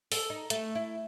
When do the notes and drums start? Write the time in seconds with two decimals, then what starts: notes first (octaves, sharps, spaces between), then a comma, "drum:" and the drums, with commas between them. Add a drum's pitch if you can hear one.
0.12 A4, drum: open hi-hat
0.30 D#4
0.50 A3, drum: hi-hat
0.75 E4